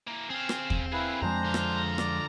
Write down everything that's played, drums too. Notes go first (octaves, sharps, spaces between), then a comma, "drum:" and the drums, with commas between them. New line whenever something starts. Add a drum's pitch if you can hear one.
E3 A#3
C4 G#4 F5
drum: rim click
drum: kick
A#3 E4 G#4 B4 F5
F2 F3 G#3 D4 C5 A#5
D3 F4
drum: rim click
D5, drum: rim click